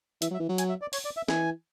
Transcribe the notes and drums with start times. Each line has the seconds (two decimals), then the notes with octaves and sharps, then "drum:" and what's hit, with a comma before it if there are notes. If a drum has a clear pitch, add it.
0.22 E3 E5, drum: hi-hat
0.31 F#3
0.34 E5
0.40 E3
0.49 F#3
0.58 G#5, drum: hi-hat
0.69 E5
0.82 D5
0.93 C#5, drum: open hi-hat
1.05 D5
1.17 E5
1.28 E3 G#5, drum: snare